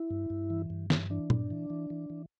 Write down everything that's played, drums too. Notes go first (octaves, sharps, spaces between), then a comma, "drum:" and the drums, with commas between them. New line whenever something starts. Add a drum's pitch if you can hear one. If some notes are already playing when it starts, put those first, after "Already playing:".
Already playing: E4
G2
G2
E3
G2
E3, drum: snare
E3 D4
G2, drum: tom A#2
E3
E3
E3
E3